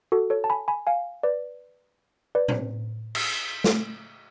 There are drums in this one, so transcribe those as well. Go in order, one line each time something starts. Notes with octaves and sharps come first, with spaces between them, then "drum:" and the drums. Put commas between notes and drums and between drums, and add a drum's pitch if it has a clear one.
F#4 A4
A4 C#5
A5
G#5 B5
G#5 B5
F5 G#5
B4 D5
B4 D5
drum: tom A2
drum: cymbal
drum: snare